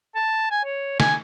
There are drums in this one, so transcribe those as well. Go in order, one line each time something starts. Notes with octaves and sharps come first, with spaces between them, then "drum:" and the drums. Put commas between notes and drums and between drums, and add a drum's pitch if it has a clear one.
A5
G#5
C#5
G#5, drum: snare